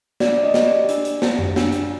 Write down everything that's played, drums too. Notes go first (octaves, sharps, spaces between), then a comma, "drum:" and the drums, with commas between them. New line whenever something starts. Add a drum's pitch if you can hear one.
D4 D5, drum: snare
D#5
G4, drum: snare
D5
D4, drum: hi-hat
drum: hi-hat
G4, drum: snare
drum: tom F#2
D4, drum: snare
drum: hi-hat